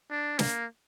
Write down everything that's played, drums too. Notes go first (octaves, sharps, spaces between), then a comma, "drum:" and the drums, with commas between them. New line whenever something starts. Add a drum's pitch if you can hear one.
D4
A#3, drum: snare